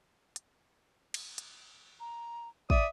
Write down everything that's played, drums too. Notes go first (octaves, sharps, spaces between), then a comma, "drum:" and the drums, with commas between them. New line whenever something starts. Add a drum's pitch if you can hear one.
drum: hi-hat
drum: cymbal
drum: hi-hat
A#5
D5 E5 D#6, drum: kick